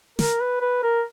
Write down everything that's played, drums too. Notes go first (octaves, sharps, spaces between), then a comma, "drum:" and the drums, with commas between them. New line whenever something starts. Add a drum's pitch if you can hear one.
A#4, drum: snare
B4
B4
A#4